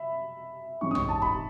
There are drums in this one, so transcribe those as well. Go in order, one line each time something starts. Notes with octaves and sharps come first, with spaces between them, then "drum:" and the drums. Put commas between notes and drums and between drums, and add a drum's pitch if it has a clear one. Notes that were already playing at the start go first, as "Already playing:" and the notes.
Already playing: E5 B5
G#2 E3 G#3 C#4 C#6
D#6
C#6, drum: tom
A5
B5, drum: kick